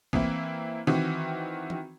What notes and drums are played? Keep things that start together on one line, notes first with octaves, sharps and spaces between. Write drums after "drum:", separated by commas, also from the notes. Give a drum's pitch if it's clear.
E3 A#3 C4 E4, drum: kick
D#3 E3 C4 F#4
drum: tom E3